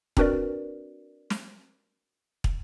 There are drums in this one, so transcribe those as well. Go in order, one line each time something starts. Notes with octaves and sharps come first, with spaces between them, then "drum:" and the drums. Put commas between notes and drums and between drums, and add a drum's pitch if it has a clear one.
C4 D4 F#4 A#4 B4 D5, drum: kick
drum: snare
drum: kick